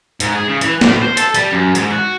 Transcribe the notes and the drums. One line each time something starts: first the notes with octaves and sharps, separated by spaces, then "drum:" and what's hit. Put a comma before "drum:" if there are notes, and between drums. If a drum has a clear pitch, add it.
G#2, drum: hi-hat
G#4
C#3
E3, drum: hi-hat
A2, drum: snare
C5
A4, drum: hi-hat
G3, drum: hi-hat
F#2
G#2, drum: hi-hat
F#4